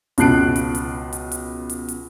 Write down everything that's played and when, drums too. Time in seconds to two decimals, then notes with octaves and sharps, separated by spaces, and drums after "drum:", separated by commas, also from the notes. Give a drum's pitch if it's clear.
0.18 C#2 B2 A5 F#6 C7 D7, drum: hi-hat
0.56 drum: hi-hat
0.75 drum: hi-hat
1.13 drum: hi-hat
1.32 drum: hi-hat
1.70 drum: hi-hat
1.88 drum: hi-hat